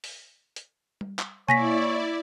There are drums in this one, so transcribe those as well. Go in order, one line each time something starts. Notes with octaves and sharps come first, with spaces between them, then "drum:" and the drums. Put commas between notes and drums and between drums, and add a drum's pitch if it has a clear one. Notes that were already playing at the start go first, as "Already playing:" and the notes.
drum: open hi-hat
drum: hi-hat
drum: tom G3
drum: clap
A#3 E4 C#5 D5 G#5 A#6 B6, drum: tom B2